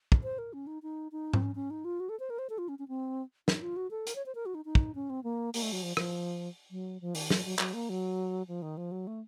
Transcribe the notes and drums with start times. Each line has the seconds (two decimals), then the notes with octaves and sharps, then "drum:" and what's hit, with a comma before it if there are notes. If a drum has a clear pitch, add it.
0.12 drum: kick
0.23 C5
0.38 A#4
0.53 C#4
0.67 D#4
0.83 D#4
1.12 D#4
1.33 C4, drum: tom G#2
1.42 C#4
1.56 C#4
1.70 D#4
1.85 F4
2.00 F#4
2.09 A4
2.20 C5
2.30 A#4
2.39 C5
2.50 A4
2.58 F4
2.69 C#4
2.79 C#4
2.88 C4
3.48 D#4, drum: snare
3.62 F4
3.76 F#4
3.91 A4
4.07 A#4, drum: hi-hat
4.15 C#5
4.26 C5
4.35 A#4
4.46 F#4
4.55 D#4
4.65 D#4
4.75 drum: kick
4.95 C#4
5.10 C4
5.24 A#3
5.54 A#3, drum: open hi-hat
5.63 A3
5.72 F#3
5.83 F3
5.97 F3, drum: rim click
6.71 F#3
7.01 F3
7.15 D#3, drum: open hi-hat
7.30 F#3, drum: snare
7.45 F#3
7.59 F#3, drum: clap
7.74 A#3
7.90 F#3
8.48 F3
8.62 D#3
8.77 F3
8.92 F#3
9.07 A3